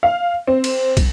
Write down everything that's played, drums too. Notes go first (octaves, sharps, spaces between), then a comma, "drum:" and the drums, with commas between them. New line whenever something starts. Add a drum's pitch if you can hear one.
F5
C4
drum: cymbal
drum: kick, cymbal